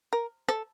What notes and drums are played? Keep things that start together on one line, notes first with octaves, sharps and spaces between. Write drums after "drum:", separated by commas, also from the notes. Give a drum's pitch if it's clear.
A#4
A4, drum: rim click